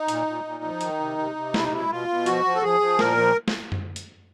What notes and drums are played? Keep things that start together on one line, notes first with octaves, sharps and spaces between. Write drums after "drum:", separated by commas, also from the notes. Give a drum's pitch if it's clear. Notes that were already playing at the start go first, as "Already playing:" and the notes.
Already playing: D#4
A#2, drum: hi-hat
A#2
A#2
F3
D#3, drum: hi-hat
C3
C3
C3
B2 E4, drum: snare
D#4
B2 E4
B2 F4
B2
F3 F#4, drum: hi-hat
F3
A4
F3 G#4
F3
A#2 A#4, drum: snare
F3
drum: snare
drum: tom F#2
drum: hi-hat